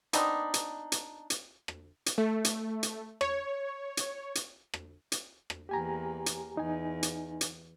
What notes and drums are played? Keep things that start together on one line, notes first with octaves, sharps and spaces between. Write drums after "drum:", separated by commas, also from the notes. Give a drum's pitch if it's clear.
B3 C4 D4 D#4, drum: hi-hat
drum: hi-hat
drum: hi-hat
drum: hi-hat
drum: rim click
drum: hi-hat
A3
drum: hi-hat
drum: hi-hat
C#5, drum: rim click
drum: hi-hat
drum: hi-hat
drum: rim click
drum: hi-hat
drum: rim click
E2 A#3 G4 G#5 A#5
drum: hi-hat
E2 D#4 G#5
drum: hi-hat
drum: hi-hat